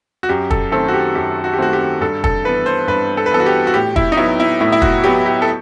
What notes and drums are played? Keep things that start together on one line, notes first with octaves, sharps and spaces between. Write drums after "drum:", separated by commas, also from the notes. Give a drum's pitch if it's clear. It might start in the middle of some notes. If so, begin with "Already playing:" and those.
F#4
F#2 G4
A4, drum: kick
D#3 A3 C4 A4
F#4
G4
F#2 G4
F#4
G4
D#3 A3 C4 F#4
G4
G2 A4
A4, drum: kick
E3 B3 B4
C5
G2 B4
A4
B4
E3 B3 A4
F#4
G4
F#4
A2 G4
E4, drum: kick
D#4
F#3 B3 E4
E4
A2 E4
E4
F#4, drum: kick
F#3 B3 G4
G4
A4